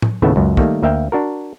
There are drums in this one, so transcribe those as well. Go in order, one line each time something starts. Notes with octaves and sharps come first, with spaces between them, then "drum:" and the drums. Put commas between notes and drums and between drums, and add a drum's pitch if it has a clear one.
drum: tom
D#2 A2 C#3 A3 B3 E5
C#2 F#2
D#3 G3 A3 A#3, drum: kick
D2 A#3 E5 F5 G5
D4 F#4 A#4